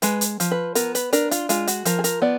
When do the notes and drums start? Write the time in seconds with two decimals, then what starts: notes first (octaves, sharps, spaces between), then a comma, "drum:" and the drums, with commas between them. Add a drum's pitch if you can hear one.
0.02 G#3 B4, drum: hi-hat
0.21 drum: hi-hat
0.40 F3, drum: hi-hat
0.51 B4
0.75 B3 A#4, drum: hi-hat
0.95 B4, drum: hi-hat
1.13 D4 A#4, drum: hi-hat
1.31 F4, drum: hi-hat
1.49 G#3 F4, drum: hi-hat
1.67 F#4, drum: hi-hat
1.85 F3 A#4, drum: hi-hat
1.99 G#4
2.04 A#4, drum: hi-hat
2.22 B3 D5